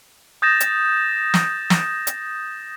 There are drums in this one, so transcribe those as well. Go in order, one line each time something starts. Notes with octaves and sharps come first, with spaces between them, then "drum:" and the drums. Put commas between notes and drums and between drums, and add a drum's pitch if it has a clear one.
D#6 G6 A6 A#6 E7
drum: hi-hat
drum: snare
drum: snare
drum: hi-hat